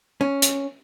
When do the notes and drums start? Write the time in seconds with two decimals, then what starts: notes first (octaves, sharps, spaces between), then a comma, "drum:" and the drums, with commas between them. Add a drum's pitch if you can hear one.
0.21 C#4
0.42 drum: hi-hat